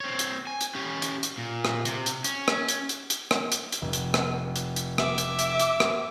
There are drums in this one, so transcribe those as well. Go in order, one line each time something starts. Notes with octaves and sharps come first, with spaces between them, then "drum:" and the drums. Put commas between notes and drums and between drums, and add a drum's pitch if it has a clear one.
C4 C#5
drum: hi-hat
G#5
drum: hi-hat
C#4 G4
drum: hi-hat
drum: hi-hat
A#2
drum: rim click
C3, drum: hi-hat
drum: hi-hat
C#4, drum: hi-hat
drum: rim click
drum: hi-hat
drum: hi-hat
drum: hi-hat
drum: rim click
drum: hi-hat
drum: hi-hat
F1
drum: hi-hat
drum: rim click
drum: hi-hat
drum: hi-hat
E5 D6, drum: rim click
drum: hi-hat
drum: hi-hat
drum: hi-hat
drum: rim click